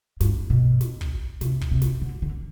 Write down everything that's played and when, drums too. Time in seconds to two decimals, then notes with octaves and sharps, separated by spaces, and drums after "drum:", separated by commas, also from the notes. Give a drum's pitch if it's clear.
0.21 G2, drum: snare
0.50 B2
0.81 drum: snare
1.01 drum: kick
1.41 C3, drum: snare
1.61 drum: kick
1.71 C3
1.82 drum: snare
2.02 D3
2.22 D3